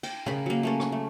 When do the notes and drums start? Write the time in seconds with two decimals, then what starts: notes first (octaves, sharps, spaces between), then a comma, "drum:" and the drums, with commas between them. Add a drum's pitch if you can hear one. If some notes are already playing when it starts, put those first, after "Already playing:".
0.03 G5, drum: cymbal
0.26 C#3 A#4 B5, drum: tom
0.46 F#3 A#3
0.63 A3 A#3 C#4
0.80 drum: rim click
0.92 A3